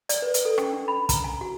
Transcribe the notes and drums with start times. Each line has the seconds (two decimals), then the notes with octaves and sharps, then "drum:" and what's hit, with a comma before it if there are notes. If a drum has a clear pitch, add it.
0.09 D5, drum: hi-hat
0.22 B4
0.34 drum: hi-hat
0.45 A4
0.58 C#4, drum: rim click
0.73 D4
0.88 B5
1.09 A#5, drum: kick, hi-hat
1.24 G#5
1.41 F#4